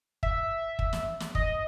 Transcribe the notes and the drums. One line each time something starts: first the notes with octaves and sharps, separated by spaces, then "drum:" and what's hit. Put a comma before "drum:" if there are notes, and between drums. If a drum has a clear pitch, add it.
E5, drum: kick
drum: kick
drum: snare
drum: snare
D#5, drum: kick